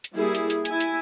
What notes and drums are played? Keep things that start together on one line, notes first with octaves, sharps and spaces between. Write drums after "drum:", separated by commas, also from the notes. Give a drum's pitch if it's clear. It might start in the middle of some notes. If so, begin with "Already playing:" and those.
drum: hi-hat
G3 A#3 E4 G#4
drum: hi-hat
drum: hi-hat
E4 G#5, drum: hi-hat
drum: hi-hat